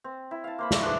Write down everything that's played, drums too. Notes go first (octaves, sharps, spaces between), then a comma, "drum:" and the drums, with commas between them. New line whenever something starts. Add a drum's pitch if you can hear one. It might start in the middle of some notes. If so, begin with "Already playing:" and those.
C4
E4
F5 A5
A#3 C5 B5
E4 D5 E5 C#6, drum: snare
D4 G#4 B4 C5